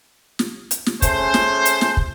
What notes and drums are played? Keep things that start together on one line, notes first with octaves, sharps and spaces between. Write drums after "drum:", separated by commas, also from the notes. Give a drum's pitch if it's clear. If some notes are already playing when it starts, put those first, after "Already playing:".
drum: snare
drum: hi-hat
drum: snare
A3 C#4 G#4 C5, drum: kick, hi-hat
drum: snare
drum: hi-hat
drum: snare
drum: kick